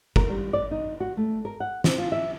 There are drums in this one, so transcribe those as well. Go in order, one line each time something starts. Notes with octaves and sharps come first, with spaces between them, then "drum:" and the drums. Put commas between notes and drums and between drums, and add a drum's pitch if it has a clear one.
A#4, drum: kick
G3
D5
D#4
F#4
A3
A#4
F#5
C4, drum: snare
F4
E5